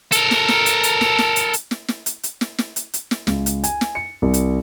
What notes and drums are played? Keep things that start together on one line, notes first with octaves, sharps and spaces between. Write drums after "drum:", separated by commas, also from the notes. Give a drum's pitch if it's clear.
A4 A#4, drum: hi-hat
drum: snare
drum: snare
drum: hi-hat
drum: hi-hat
drum: snare
drum: snare
drum: hi-hat
drum: hi-hat
drum: snare
drum: snare
drum: hi-hat
drum: hi-hat
drum: snare
drum: snare
drum: hi-hat
drum: hi-hat
drum: snare
C#2, drum: snare
drum: hi-hat
G#5, drum: hi-hat
drum: snare
C#7
C2
drum: hi-hat